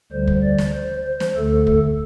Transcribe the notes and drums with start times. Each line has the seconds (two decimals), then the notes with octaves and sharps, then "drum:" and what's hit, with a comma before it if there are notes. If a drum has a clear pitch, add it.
0.12 D2 D3 G3 C5
0.27 drum: kick
0.43 D5
0.58 drum: snare
0.74 C5
1.05 C5
1.20 drum: snare
1.36 D2 D3 A3 A4
1.67 drum: kick